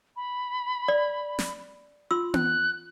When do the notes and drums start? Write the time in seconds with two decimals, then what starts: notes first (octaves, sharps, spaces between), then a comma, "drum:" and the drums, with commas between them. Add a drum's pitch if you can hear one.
0.16 B5
0.88 D5
1.39 drum: snare
2.11 F4 C6 E6
2.34 F#6, drum: tom B3